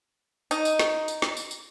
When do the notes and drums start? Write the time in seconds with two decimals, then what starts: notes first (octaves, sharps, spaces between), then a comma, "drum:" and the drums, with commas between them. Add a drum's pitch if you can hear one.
0.51 D#4, drum: tambourine
0.65 drum: tambourine
0.79 drum: snare
1.08 drum: tambourine
1.22 drum: snare
1.37 drum: tambourine
1.51 drum: tambourine